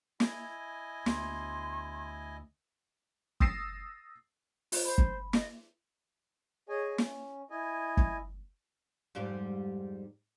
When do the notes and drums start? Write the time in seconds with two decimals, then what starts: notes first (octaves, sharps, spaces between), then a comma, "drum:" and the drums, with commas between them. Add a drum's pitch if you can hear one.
0.20 E4 D#5 G#5, drum: snare
1.06 D2 A3 B3 C6, drum: snare
3.40 D#6 E6 A6 A#6 C7 E7, drum: kick
4.72 F4 C5 D#5, drum: open hi-hat
4.85 C5 B5
4.98 drum: kick
5.33 D#5, drum: snare
6.69 G#4 C#5 D#5 G#5
6.98 C#4, drum: snare
7.50 E4 D#5 G#5
7.97 drum: kick
9.15 F2 G#2 G3